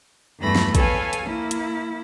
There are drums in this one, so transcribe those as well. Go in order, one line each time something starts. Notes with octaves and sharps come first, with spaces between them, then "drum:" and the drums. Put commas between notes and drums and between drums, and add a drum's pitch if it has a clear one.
E2 G2 E3 A3 B5 A#6
drum: snare
A4 B4 C#5 F5 G#5, drum: kick A#1, hi-hat
drum: hi-hat
A#3 E4
drum: hi-hat